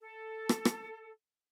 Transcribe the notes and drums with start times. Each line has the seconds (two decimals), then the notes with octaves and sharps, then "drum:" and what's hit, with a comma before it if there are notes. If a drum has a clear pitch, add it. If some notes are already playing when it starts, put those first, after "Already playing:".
0.01 A4
0.49 drum: rim click
0.65 drum: rim click